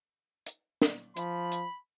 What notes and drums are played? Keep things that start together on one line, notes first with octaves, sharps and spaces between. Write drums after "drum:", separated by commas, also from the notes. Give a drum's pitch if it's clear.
drum: hi-hat
drum: snare
F3 B5, drum: hi-hat
drum: hi-hat